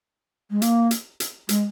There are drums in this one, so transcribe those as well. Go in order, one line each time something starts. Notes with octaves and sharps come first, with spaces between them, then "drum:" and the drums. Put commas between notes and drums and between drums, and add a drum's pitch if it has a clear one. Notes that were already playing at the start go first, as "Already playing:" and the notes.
G#3
A#3, drum: hi-hat
drum: hi-hat
drum: hi-hat
G#3, drum: hi-hat